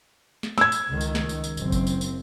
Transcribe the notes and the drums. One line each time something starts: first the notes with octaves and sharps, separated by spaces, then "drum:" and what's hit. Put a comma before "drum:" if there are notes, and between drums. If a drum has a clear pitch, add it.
drum: snare
E6 G#6, drum: snare
drum: tambourine
C#2 D#3
drum: tambourine
drum: snare
drum: tambourine
drum: tambourine
F#1 C4, drum: tambourine
drum: kick G1, tambourine
drum: tambourine
drum: tambourine